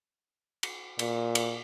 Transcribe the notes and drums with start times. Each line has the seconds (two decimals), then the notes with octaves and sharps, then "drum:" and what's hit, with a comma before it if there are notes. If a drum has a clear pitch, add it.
0.63 drum: cymbal
0.99 A#2, drum: cymbal
1.35 drum: cymbal